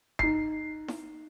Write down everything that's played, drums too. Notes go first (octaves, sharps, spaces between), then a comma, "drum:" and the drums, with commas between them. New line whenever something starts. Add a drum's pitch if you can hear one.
D#4 C7, drum: kick F1
drum: snare E4